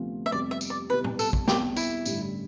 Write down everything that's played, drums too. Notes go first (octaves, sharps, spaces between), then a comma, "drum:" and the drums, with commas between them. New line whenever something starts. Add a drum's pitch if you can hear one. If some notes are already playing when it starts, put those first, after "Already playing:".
Already playing: D2 C3 F3 B3 F4
E5
F2 C3 G3 B3 D5
E5
drum: tambourine
D5
C2 B2 G3 B4
drum: tom
A4, drum: tambourine
drum: kick
E2 B2 G3 C4 G4, drum: snare
E4, drum: tambourine
A1 G2 D3, drum: tambourine